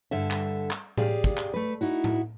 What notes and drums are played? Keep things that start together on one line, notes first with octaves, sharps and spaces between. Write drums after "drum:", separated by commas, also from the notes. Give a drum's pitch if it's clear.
G2 D3 A4 E5
drum: clap
drum: clap
G4 G#4 D5 F5, drum: tom A2
drum: kick
drum: clap
A3 B4
D#4 E4 F#4
drum: tom A2